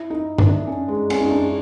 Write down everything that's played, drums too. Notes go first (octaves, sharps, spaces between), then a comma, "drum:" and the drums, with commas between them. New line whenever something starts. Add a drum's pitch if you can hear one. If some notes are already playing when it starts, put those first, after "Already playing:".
Already playing: E4
D#4
D4, drum: tom G2
C#4
G#3
C#4, drum: cymbal
D#4
D4